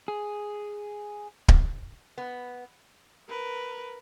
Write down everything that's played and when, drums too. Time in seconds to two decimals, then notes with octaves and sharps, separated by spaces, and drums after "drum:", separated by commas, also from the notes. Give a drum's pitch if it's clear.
0.08 G#4
1.48 drum: kick D1
2.18 B3
3.29 A#4 B4